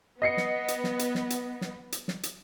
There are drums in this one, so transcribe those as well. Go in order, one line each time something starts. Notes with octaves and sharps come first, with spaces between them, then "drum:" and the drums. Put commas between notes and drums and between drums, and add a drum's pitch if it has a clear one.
B3 D#5 C7 C#7
drum: snare
drum: hi-hat
drum: snare
drum: hi-hat
drum: snare
drum: hi-hat
drum: snare
drum: hi-hat
drum: snare
drum: hi-hat